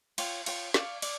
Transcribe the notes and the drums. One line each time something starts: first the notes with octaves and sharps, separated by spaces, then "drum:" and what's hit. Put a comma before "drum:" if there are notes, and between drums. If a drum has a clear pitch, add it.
F4 C#5 G5, drum: cymbal
F4 C#5 G5, drum: cymbal
D5 F5 C#6, drum: snare
D5, drum: cymbal